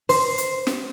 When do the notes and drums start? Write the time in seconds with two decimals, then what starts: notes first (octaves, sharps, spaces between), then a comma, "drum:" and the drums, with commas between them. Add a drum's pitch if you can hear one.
0.09 C5, drum: open hi-hat
0.38 drum: hi-hat
0.67 drum: snare